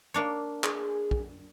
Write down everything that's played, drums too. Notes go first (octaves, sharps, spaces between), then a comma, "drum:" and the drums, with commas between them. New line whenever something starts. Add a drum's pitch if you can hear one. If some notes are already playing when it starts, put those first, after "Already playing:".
A#3 D4 C#5
G#4, drum: clap
drum: kick